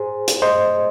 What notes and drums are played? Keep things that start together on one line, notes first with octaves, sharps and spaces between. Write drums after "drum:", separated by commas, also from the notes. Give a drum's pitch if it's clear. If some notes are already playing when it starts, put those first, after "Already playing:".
Already playing: G#4 C5
drum: hi-hat
C5 D#5